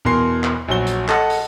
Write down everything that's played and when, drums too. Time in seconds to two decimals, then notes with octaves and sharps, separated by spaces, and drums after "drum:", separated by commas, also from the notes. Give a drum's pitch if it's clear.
0.05 E2 B2 A#4 C6 C7
0.44 drum: clap
0.68 A#1 F#3 F#4 G7
0.87 drum: hi-hat
1.08 A4 D#5 F#5 A5, drum: clap
1.30 drum: open hi-hat